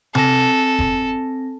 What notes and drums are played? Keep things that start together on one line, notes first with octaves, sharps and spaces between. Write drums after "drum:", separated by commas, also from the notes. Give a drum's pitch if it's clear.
C4 A4 G#5 A#6, drum: tom C3
drum: kick F1